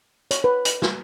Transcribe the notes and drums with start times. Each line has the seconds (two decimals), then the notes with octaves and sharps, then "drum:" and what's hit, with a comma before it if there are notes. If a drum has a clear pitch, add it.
0.31 C#5, drum: hi-hat
0.44 B4
0.65 drum: hi-hat
0.82 drum: snare